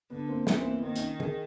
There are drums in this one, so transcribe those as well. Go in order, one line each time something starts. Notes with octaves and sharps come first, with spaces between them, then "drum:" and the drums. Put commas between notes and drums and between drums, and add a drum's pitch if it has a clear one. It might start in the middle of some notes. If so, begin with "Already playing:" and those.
D3 B3
A#3 C4
E3 B3 C#4, drum: snare
A#3 C4
B3
D#3 A#3 C4
C#4 D#4, drum: hi-hat
G#4 A#4, drum: tom